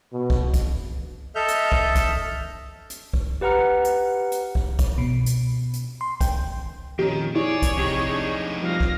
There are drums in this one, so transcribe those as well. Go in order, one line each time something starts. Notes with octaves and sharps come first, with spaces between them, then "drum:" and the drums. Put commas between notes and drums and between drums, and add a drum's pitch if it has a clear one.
B2
drum: kick
drum: kick, hi-hat
A4 D#5 E5 F6 G6
drum: hi-hat
drum: kick
drum: kick, hi-hat
drum: hi-hat
drum: kick
G4 B4 F#5 A#5 F6 C#7
drum: hi-hat
drum: hi-hat
drum: kick
drum: kick, hi-hat
B2
drum: hi-hat
drum: hi-hat
C6
G5, drum: kick, hi-hat
F2 A#2 D#3 C#4 G4
E4 G#4 C#5 D5
drum: kick, hi-hat
F2 C3 D#4 G4
D4
F3 G3 F5 A#6
drum: kick